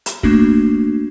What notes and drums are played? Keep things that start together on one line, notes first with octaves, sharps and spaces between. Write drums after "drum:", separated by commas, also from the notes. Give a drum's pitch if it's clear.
drum: hi-hat
A3 A#3 D4 F#4, drum: kick